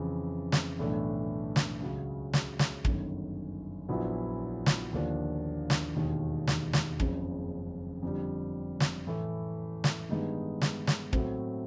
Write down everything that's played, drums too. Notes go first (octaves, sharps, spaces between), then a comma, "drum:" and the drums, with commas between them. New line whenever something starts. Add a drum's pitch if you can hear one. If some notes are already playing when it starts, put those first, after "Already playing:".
Already playing: F2 C#3 E3
drum: snare
B1 A2 E3 A3 D4
drum: snare
C#2 C#3 F#3
drum: snare
drum: snare
G1 F#2 D#3, drum: kick
A#1 A#2 F#3 B3 E4
drum: snare
D#2 D3 F3 A#3 D4
drum: snare
E1 D#2 D#3
drum: snare
drum: snare
F#1 F2 C#3, drum: kick
F2 D3 G3
drum: snare
A2 E3 A3
drum: snare
G2 D#3 G#3 B3 D#4
drum: snare
drum: snare
A2 F#3 A3 C4, drum: kick